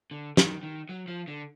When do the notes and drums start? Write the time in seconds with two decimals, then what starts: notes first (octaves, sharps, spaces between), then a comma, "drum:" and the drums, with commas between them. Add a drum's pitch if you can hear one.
0.11 D3
0.37 D#3, drum: snare
0.63 D#3
0.89 F#3
1.08 F3
1.28 D3